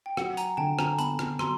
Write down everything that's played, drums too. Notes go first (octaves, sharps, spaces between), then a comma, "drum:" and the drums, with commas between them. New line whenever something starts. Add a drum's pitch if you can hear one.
G5
F#3 F#5, drum: rim click
G#5 A#5, drum: hi-hat
D3 G5 A5
G#5 A#5, drum: rim click
B3 A5 B5, drum: hi-hat
drum: rim click
F#3 A#5 C6, drum: rim click